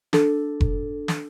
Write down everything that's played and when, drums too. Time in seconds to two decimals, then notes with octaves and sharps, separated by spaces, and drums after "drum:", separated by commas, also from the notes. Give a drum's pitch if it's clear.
0.13 D4 A4, drum: snare
0.61 drum: kick F1
1.08 drum: snare